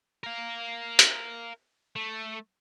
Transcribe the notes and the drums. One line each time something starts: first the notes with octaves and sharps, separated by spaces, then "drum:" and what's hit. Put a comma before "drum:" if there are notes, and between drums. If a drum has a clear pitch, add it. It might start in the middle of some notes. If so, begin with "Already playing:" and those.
A#4 F5
drum: hi-hat
A3